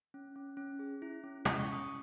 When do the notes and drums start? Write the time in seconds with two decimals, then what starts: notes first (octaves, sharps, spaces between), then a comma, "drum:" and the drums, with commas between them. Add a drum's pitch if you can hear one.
0.14 C#4
0.36 C#4
0.57 C#4
0.79 G#4
1.02 E4
1.24 C#4
1.45 C#4 D#6, drum: tom
1.59 C#6
1.68 C#4 D#6